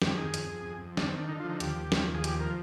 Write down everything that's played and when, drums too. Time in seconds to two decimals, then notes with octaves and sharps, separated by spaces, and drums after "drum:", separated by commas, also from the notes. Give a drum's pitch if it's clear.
0.02 F2 G4, drum: snare
0.18 D#3 G#4
0.34 F2, drum: hi-hat
0.49 F2
0.66 F2
0.81 F2
0.97 D#3 D4, drum: snare
1.08 C4
1.13 D#3
1.18 D4
1.29 D3 D#4
1.40 F4
1.45 F3 D#4
1.60 D#2 G4, drum: hi-hat
1.77 D#2
1.92 F3, drum: snare
2.08 D#2
2.14 G#4
2.24 F3 G4, drum: hi-hat
2.40 F3 A#4